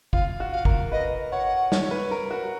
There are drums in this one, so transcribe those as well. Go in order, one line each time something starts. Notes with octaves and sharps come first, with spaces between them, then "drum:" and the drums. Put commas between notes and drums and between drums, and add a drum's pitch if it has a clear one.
F4 F5, drum: kick
F#4
F5
A#4, drum: kick
B4 D#5
C#5 F#5
C#5, drum: snare
B4
A#4
F#4